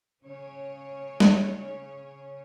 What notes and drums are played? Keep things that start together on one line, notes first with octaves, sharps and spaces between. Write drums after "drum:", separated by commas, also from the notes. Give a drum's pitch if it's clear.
C#3 C#4 C#5
drum: snare